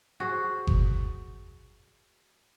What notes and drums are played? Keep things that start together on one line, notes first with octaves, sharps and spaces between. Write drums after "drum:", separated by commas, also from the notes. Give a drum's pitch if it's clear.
F#4 G#4 C5
drum: kick G1